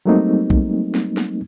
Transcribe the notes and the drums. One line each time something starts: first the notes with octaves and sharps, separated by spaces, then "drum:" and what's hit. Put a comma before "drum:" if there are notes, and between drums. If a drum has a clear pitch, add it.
F#3 G3 A3 A#3 C4 D#4
drum: kick
drum: snare
drum: snare